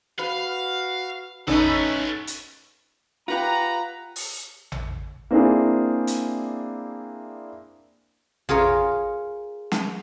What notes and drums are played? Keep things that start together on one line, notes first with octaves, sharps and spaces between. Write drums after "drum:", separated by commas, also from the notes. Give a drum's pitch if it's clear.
F#4 B4 F5
A3 B3 C#4 D#4 A4 B4, drum: tom A1
drum: hi-hat
F4 G4 B4 F#5 A#5
drum: open hi-hat
drum: tom A1
A#3 C4 D4 E4 G#4
drum: hi-hat
F4 G#4 A#4 C#5, drum: tom A1
drum: snare